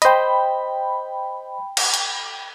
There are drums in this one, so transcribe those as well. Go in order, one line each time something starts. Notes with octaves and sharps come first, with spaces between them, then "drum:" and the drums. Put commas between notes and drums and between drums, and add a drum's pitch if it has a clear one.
C5 D#5 G5 B5, drum: hi-hat
drum: cymbal
drum: hi-hat